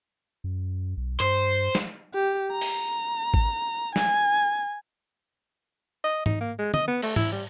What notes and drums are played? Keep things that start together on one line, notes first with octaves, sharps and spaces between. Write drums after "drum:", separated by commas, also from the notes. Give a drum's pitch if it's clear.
F#2
B1
G2 C5
drum: snare
G4
A#5
drum: open hi-hat
drum: kick
G#5, drum: snare
D#5
D#4, drum: tom G#2
A#3
G#3
D#5, drum: tom
B3
A3, drum: cymbal
E4, drum: tom G#2
G3